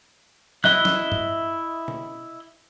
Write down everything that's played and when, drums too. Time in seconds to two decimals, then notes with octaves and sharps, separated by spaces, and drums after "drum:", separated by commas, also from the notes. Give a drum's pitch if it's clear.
0.64 E4 D#5 E5 F#6, drum: snare
0.85 drum: snare
1.12 drum: tom G2
1.88 drum: tom B2